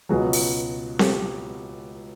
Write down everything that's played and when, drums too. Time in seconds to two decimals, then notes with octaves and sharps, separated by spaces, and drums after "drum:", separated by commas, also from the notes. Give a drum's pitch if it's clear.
0.09 C#2 B2 F#3 F#4 G#4
0.33 drum: open hi-hat
0.99 G4 A4, drum: snare C4